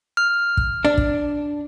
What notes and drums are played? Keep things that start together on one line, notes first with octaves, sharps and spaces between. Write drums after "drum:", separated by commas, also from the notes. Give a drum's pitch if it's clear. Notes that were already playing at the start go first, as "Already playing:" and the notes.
F6
drum: kick
D4
drum: kick